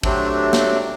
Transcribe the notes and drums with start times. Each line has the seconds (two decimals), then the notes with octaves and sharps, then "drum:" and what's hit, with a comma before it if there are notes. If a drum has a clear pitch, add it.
0.03 C3 F#3 A3 C4 D4, drum: kick
0.53 drum: snare